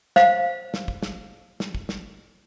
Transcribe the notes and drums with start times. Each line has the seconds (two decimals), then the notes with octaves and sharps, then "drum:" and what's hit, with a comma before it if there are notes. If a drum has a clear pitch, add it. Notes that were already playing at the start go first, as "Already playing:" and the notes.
0.16 C5 F5, drum: snare
0.74 drum: snare
0.88 drum: kick
1.03 drum: snare
1.60 drum: snare
1.75 drum: kick
1.89 drum: snare